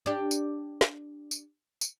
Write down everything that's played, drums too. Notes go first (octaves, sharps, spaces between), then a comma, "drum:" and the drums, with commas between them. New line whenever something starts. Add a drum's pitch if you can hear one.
D4 G4
drum: tambourine
drum: snare
drum: tambourine
drum: tambourine